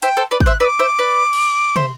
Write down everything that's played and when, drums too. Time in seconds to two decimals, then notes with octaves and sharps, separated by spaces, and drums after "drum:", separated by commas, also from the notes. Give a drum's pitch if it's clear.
0.02 C5 E5 G5, drum: hi-hat
0.17 A4 C5
0.31 B4 D5
0.40 G6, drum: kick
0.44 C5 E5 F#6
0.60 B4 D5 E6
0.65 D6
0.79 C5 E5
0.99 B4 D5
1.33 drum: cymbal
1.76 C5 E5 C6, drum: tom